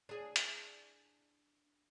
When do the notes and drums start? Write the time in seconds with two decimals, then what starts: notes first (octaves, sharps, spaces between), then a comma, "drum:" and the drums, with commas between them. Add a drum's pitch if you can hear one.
0.09 D4 G#4
0.36 drum: hi-hat